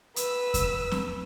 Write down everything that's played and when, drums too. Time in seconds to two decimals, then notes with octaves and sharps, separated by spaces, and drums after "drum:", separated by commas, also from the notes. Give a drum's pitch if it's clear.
0.16 B4 E6, drum: hi-hat
0.54 drum: kick E2, hi-hat
0.91 drum: snare C4